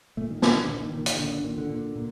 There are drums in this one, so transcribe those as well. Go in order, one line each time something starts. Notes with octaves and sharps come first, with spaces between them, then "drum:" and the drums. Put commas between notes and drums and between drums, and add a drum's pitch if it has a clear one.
A#2 A3
D#3
A#2 D3, drum: snare
D#3
A#2 D3
D#3
A#2 D#3
D#3, drum: hi-hat
A#2 D3
D3
A#2 D#3
D3
A#2
A#2